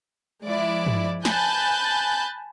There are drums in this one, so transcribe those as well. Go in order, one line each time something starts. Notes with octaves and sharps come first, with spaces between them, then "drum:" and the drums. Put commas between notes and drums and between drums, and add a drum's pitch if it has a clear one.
F3 G#3 E4 D5
drum: tom G2
G#5 A5 B5 F#6 G6 A6, drum: snare